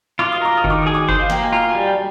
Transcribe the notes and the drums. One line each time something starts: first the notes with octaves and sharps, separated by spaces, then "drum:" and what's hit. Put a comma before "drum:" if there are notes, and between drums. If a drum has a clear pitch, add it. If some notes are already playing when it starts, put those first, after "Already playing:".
F4 D6
D#6
A#4 D6
D#6
D#3, drum: kick F#1
D6
G#4 D#6
D6
C5, drum: kick F#1
F5
A#3 G5, drum: snare
G#5
F4 A#5
G#5
G3
G5